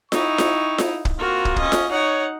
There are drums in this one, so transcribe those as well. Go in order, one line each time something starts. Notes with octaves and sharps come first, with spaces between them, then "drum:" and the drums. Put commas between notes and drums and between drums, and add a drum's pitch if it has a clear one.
D#4 E4 G5 C#6, drum: snare F4
drum: snare F4
drum: snare F4
drum: kick
A#3 C4 F4 F#4 A#4
drum: kick
C#4 D#5, drum: kick
drum: snare F4
D#4 C#5 F#5